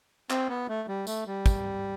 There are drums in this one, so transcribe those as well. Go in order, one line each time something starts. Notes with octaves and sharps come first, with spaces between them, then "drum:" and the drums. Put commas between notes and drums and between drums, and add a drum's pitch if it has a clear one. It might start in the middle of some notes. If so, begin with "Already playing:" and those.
C4, drum: clap
B3
A3
G3
A3, drum: tambourine
G3
drum: kick, tambourine